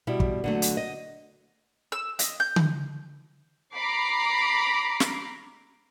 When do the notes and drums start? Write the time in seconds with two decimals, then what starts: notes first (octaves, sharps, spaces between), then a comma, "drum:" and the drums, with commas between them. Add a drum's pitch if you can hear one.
0.07 B2 G3 E4
0.20 drum: kick
0.44 D3 F#3 A3
0.62 drum: hi-hat
0.77 D#5
1.92 E6
2.19 D#5, drum: hi-hat
2.40 G6
2.56 drum: tom D3
3.76 A#5 B5 D6 C7
5.00 drum: snare